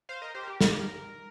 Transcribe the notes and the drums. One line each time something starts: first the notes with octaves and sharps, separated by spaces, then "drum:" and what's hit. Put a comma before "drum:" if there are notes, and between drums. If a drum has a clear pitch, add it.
C5 F5
A#4 D#5
G4 C5
A#4
G4
A#4, drum: snare
G4
A#4